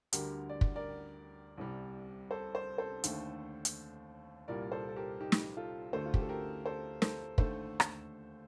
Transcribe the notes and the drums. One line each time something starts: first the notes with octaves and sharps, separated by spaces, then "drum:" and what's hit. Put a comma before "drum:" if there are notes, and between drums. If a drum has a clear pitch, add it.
D2 D3 G3 G4 A#4, drum: hi-hat
D5
drum: kick
A#4 D5
C2 C3 G3
A4 C5
A4 C5
A4 C5
D#2 D3 A3, drum: hi-hat
drum: hi-hat
C2 A#2 G3 A#4 D5
A4 C5
A4
G4 A#4
D#4 G4
drum: snare
F4 A4
D2 D3 A3 A4 C5
F4
G4, drum: kick
A4
G4 A#4
A4 C5
A4 C5, drum: snare
D#2 D3 A3 A4 C5, drum: kick
drum: rim click